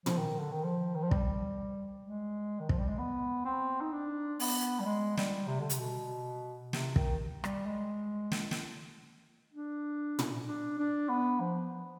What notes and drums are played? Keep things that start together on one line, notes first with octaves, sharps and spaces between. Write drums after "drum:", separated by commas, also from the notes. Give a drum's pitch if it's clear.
F3, drum: tom
D#3
D3
D#3
F3
D#3
F3
G3, drum: kick
G#3
D#3
F3, drum: kick
G3
G#3
B3
C4
D#4
D4
B3, drum: open hi-hat
G3
G#3
G3, drum: snare
C3
D3
C3, drum: hi-hat
B2
C3, drum: snare
D#3, drum: kick
G3, drum: rim click
G#3
drum: snare
drum: snare
D4
drum: tom
D4
D4
B3
F3